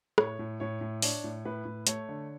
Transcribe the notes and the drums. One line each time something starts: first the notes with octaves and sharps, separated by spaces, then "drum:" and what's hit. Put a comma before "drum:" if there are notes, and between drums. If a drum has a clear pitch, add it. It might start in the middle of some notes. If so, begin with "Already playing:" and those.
A2 C#5, drum: rim click
A2
A2 C#5
A2
D4 C#5, drum: open hi-hat
A2
A2 B4
A2
A3 C#5, drum: hi-hat
D3